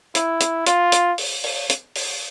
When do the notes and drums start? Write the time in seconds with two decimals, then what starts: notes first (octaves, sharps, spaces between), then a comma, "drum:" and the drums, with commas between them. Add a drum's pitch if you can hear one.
0.15 E4, drum: hi-hat
0.40 drum: hi-hat
0.66 F4, drum: hi-hat
0.92 drum: hi-hat
1.18 drum: open hi-hat
1.44 drum: open hi-hat
1.70 drum: hi-hat
1.95 drum: open hi-hat